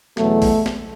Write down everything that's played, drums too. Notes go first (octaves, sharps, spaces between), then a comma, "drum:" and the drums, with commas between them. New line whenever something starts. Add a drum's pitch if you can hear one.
E2 B2 F#3 A3, drum: snare
drum: kick A#1, open hi-hat
drum: snare